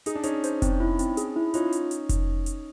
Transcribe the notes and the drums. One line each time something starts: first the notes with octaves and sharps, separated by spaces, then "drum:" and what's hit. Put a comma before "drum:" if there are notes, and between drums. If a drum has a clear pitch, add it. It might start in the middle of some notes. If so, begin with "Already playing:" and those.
D#4 G#4, drum: hi-hat
D4
C#4 D#4 G#4, drum: hi-hat
C5, drum: hi-hat
C4, drum: kick F1, hi-hat
E4
C4, drum: hi-hat
G#4, drum: hi-hat
E4
C#4 D#4 F4, drum: hi-hat
drum: hi-hat
drum: hi-hat
drum: kick F1, hi-hat
drum: hi-hat